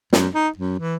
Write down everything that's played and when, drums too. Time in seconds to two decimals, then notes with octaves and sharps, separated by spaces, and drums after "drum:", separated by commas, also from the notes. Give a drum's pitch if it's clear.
0.13 F#2, drum: snare
0.34 D#4
0.58 F#2
0.79 E3